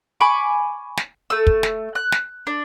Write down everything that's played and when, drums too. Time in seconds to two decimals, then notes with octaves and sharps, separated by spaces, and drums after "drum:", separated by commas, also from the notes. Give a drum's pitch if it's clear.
0.21 G#5 B5 C#6 D6
0.97 drum: snare
1.30 A3 E6
1.47 drum: kick
1.63 drum: snare
1.95 F#6
2.12 drum: snare
2.47 D4